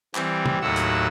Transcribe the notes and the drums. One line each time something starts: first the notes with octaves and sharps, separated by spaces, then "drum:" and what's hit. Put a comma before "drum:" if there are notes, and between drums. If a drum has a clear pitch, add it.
E3 G3 C4, drum: clap
drum: tom
D#2 A2 F#3 F#5 E6
drum: hi-hat